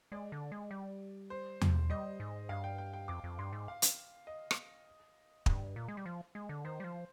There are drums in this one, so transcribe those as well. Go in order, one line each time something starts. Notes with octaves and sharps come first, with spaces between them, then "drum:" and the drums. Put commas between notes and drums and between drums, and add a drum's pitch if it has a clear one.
G#3 D5
D3
G#3
G3
C5
drum: tom E2
G3 D#5
G#2
G2 F5
G5
G5
G5
F2 D6
F2
G2 C6
G#2
F5
drum: hi-hat
D#5
drum: rim click
G2, drum: kick
A#2
G#3
G3
F3
G#3
D3
D#3 C5
G3
F3